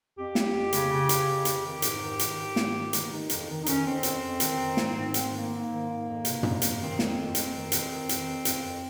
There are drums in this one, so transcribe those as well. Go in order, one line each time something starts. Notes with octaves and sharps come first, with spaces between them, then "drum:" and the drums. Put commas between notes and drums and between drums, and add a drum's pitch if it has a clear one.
F2 G4
F2, drum: snare
F2
C#3, drum: hi-hat
C#3
C#3, drum: hi-hat
F2
F2, drum: hi-hat
D#3 G4
G#2, drum: hi-hat
D#3
D#3, drum: hi-hat
G#2
G#2, drum: snare
D#3
D#3, drum: hi-hat
D#3 D#4
F2, drum: hi-hat
D#3
D#4
D#3 C#4, drum: hi-hat
F2 C4
F2, drum: hi-hat
F2
D#3, drum: hi-hat
D#3
G#2, drum: snare
G#2
G#2, drum: hi-hat
D#3 A#3
G#2
D#3
G#2
F2
C3, drum: hi-hat
C3, drum: tom
F2, drum: hi-hat
D#3 C4
F2, drum: snare
F2
F2, drum: hi-hat
D#3
F2, drum: hi-hat
D#3
D#3, drum: hi-hat
F2
F2, drum: hi-hat
F2